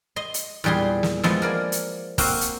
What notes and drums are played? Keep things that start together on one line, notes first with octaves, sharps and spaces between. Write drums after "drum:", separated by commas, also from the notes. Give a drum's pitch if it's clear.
D#5 C6
drum: hi-hat
E2 A#2 G3 G#4 C6
drum: snare
F3 G#3 B3 A4, drum: snare
A#3 A#4 D5 G#5
drum: hi-hat
A#3 C4 F#4 F5, drum: kick, open hi-hat
drum: hi-hat